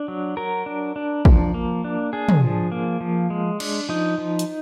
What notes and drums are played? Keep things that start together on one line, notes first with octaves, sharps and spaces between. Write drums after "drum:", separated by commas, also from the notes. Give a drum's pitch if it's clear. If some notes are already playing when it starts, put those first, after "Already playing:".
Already playing: D4
F#3
F#3 A#4
D4
D4
F3, drum: kick
A#3
D4
D4 G#4
drum: tom
F3
A#3
F3
G#3
D4, drum: cymbal
F3 D#4
F3
drum: hi-hat